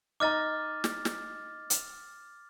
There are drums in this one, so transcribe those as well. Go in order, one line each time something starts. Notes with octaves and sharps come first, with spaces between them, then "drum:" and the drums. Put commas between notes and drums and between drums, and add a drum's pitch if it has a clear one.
D#4 D#5 A#5 D6 F6 A6
drum: snare
drum: snare
drum: hi-hat